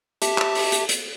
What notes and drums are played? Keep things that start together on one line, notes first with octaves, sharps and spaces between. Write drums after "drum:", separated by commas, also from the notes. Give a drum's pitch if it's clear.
G4 E5 A5, drum: hi-hat
drum: clap
drum: open hi-hat
drum: hi-hat
drum: hi-hat